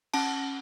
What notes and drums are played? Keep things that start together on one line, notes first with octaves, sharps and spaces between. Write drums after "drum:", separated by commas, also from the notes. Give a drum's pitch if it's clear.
C#4 A5, drum: cymbal